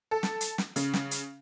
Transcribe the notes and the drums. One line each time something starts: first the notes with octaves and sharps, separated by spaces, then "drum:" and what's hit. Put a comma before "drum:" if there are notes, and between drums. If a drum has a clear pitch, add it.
A4
drum: snare
drum: hi-hat
drum: snare
C#3, drum: hi-hat
drum: snare
drum: hi-hat